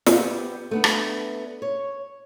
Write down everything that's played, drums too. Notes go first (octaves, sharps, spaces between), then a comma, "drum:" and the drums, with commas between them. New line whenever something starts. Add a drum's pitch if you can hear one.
B3 G4, drum: snare
A3 B3 D4
drum: rim click
C#5